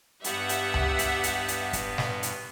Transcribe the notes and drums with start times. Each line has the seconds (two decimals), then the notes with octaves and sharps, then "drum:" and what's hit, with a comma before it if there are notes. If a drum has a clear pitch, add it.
0.24 G2 B3 G4 E5 F#5, drum: hi-hat
0.49 drum: hi-hat
0.74 drum: tom C#2
0.99 drum: hi-hat
1.23 drum: hi-hat
1.48 drum: hi-hat
1.73 drum: kick, hi-hat
1.98 drum: snare
2.23 drum: hi-hat